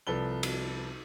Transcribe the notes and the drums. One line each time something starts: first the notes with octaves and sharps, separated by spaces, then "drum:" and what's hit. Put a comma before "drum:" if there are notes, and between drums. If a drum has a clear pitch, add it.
C2 F3 A4 B4 G7
drum: cymbal